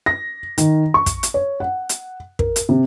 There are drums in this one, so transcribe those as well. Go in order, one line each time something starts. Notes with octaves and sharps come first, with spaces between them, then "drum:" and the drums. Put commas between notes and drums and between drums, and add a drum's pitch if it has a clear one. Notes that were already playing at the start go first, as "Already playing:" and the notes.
A#6
D#3, drum: hi-hat
C#6
drum: kick, hi-hat
drum: hi-hat
C#5
F#5
drum: hi-hat
A#4, drum: kick
drum: hi-hat
C3